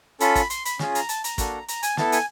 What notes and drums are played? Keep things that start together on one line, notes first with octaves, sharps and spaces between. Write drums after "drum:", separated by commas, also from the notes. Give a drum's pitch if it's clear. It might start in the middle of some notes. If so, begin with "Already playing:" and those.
C#4 F4 A4 B5, drum: hi-hat
drum: kick, hi-hat
C6, drum: hi-hat
B5, drum: hi-hat
C#4 F4 G#4, drum: snare
A#5, drum: hi-hat
A5, drum: hi-hat
A#5, drum: hi-hat
A#3 D4 F#4 A4, drum: kick, hi-hat
A#5, drum: hi-hat
G#5, drum: hi-hat
B3 E4 A4 A5, drum: snare
G#5, drum: hi-hat